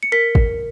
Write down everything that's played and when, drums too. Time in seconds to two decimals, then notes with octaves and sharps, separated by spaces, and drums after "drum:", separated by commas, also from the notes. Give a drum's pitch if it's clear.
0.03 C#7
0.12 A#4 B6
0.35 drum: kick